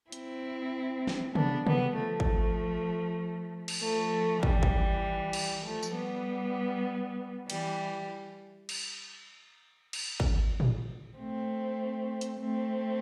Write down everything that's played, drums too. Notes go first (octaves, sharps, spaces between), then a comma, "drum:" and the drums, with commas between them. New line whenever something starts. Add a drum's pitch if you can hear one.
C4 E4, drum: hi-hat
drum: snare
B3 D4, drum: tom
G3 B3, drum: tom
F3 A3
drum: kick
drum: cymbal
F3 A3
E3 G3, drum: kick
drum: kick
drum: cymbal
F3 A3
drum: tambourine
G3 B3
E3 G3, drum: cymbal
drum: cymbal
drum: cymbal
drum: kick
drum: tom
A3 C4
drum: hi-hat
A3 C4